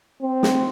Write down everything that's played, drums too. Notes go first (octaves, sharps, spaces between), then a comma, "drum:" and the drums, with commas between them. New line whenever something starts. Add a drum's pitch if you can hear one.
C4
drum: snare